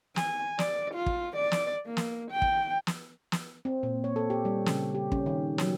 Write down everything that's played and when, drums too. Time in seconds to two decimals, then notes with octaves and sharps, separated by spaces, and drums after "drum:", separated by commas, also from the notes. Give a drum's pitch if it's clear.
0.16 G#5, drum: snare
0.59 D5, drum: snare
0.94 F4
1.06 drum: kick
1.37 D5
1.52 drum: snare
1.86 A#3
1.97 drum: snare
2.31 G5
2.42 drum: kick
2.87 drum: snare
3.32 drum: snare
3.65 C4
3.83 A#2
4.04 C#5
4.16 A4
4.30 G4
4.45 G3
4.66 C#3, drum: snare
4.95 G4
5.12 C#4, drum: kick
5.26 D#3
5.58 F#3, drum: snare